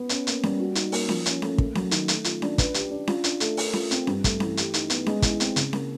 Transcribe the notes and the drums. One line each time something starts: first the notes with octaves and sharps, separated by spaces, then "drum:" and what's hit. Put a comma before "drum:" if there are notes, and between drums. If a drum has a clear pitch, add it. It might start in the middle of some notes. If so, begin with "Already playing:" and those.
Already playing: B3
C#4, drum: hi-hat
A#3, drum: hi-hat
G3, drum: snare C#4
F#4
D#4, drum: hi-hat
A#3, drum: open hi-hat
F3, drum: snare C#4
C#4, drum: hi-hat
A3, drum: snare C#4
A#3, drum: kick
F#3, drum: snare C#4
D#3, drum: hi-hat
A3, drum: hi-hat
F4, drum: hi-hat
D4, drum: snare C#4
B4, drum: kick, hi-hat
G4, drum: hi-hat
D4
F4, drum: snare C#4
D4, drum: hi-hat
A3, drum: hi-hat
A#4, drum: open hi-hat
F4, drum: snare C#4
C4, drum: hi-hat
G2, drum: snare C#4
A3, drum: kick, hi-hat
E3, drum: snare C#4
G4, drum: hi-hat
D#4, drum: hi-hat
B3, drum: hi-hat
G#3, drum: snare C#4
E4, drum: kick, hi-hat
C4, drum: hi-hat
C#3, drum: hi-hat
A#3, drum: snare C#4